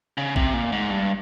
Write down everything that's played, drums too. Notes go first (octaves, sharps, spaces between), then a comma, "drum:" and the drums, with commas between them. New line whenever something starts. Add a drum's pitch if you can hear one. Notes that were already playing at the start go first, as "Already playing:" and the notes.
C#3
C3, drum: kick A#1
A#2
G#2
G2